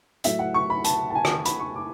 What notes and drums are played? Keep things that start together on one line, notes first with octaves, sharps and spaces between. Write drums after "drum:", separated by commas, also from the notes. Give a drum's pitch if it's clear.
A2 F#3 A3 E5, drum: hi-hat
F#5
C#6
B5
A5, drum: hi-hat
A5
G#5
drum: rim click
B5, drum: hi-hat
C#6
D6